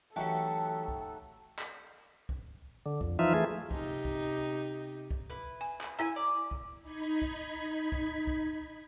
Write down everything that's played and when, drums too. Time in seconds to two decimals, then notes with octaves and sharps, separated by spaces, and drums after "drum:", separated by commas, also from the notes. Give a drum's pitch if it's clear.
0.16 E3 F#3 A3 D#4 F#4 G4 A4 G5
0.88 drum: kick B1
1.59 drum: clap
2.29 drum: kick B1
2.86 D3
3.01 F2, drum: kick B1
3.19 E3 F3 D#4 F4 E5
3.34 E3 A3 G#4
3.71 C3 D#4 G4, drum: kick B1
4.05 drum: kick B1
5.11 drum: kick B1
5.30 E4 B4
5.61 G#5
5.81 drum: clap
5.99 E4 E5 G#5 A#5
6.16 D5
6.51 drum: kick B1
6.82 D#4 B5 G#6 B6
7.22 drum: kick B1
7.92 drum: kick B1
8.27 drum: kick B1